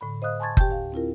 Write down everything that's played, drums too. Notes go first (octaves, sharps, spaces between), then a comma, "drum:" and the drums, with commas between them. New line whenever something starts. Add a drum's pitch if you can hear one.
A2 D3 B5
C5 D#5 F5 D#6 F#6
G#5 A5 C6 C#6 G#6 A6
G4 G5 A5 G6, drum: kick F#1
D2 G4 F5
C4 E4 F4 A#4